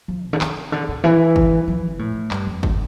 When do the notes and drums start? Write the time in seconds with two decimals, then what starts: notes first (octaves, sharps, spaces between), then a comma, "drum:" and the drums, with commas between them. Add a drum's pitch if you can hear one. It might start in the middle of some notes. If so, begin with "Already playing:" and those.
0.08 F3
0.25 B2
0.33 D3
0.41 C3, drum: clap
0.72 D3
0.89 C3
1.04 E3
1.36 drum: kick
1.68 F3
1.91 B2
1.99 A2
2.31 G2, drum: clap
2.47 F2
2.63 D3, drum: kick